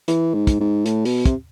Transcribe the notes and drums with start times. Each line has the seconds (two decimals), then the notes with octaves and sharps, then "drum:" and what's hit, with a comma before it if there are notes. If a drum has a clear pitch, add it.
0.08 E3, drum: hi-hat
0.34 G#2
0.47 drum: kick, hi-hat
0.60 G#2
0.86 A2, drum: hi-hat
1.05 B2, drum: open hi-hat
1.25 C3, drum: kick, hi-hat